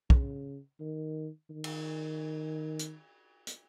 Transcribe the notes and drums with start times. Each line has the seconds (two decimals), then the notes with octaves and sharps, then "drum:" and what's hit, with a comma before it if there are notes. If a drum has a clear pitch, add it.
0.10 C#3, drum: kick
0.80 D#3
1.50 D#3
1.64 drum: cymbal
2.79 drum: hi-hat
3.47 drum: hi-hat